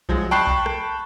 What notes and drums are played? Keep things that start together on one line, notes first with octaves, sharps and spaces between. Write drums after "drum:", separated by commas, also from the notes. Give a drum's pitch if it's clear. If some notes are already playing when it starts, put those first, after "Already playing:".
F3 F#3 G#3, drum: kick B1
G5 A5 B5 C#6 F#6 C7
drum: kick B1
drum: rim click